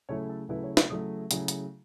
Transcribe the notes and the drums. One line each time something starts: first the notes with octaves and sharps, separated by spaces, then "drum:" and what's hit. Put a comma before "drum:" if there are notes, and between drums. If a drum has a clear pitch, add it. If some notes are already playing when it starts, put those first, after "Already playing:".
C#3 F#3 A3 E4 C#5
A4
C#3 F#3 A3 E4 B4
C#5
E5, drum: snare
C#3 F#3 A3 E4 D#6
C#3 F#3 A3 E4, drum: hi-hat
drum: hi-hat